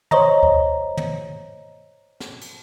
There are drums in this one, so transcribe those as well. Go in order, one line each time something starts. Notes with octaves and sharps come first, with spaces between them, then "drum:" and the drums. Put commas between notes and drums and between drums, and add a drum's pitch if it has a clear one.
C5 C#5 D#5 A#5, drum: tom
drum: kick D2
drum: tom
drum: snare
drum: cymbal